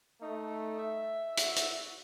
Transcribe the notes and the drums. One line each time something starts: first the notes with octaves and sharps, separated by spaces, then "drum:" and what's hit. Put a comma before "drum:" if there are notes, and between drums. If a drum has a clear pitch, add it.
A3 D#4
E5
F#4, drum: hi-hat
drum: hi-hat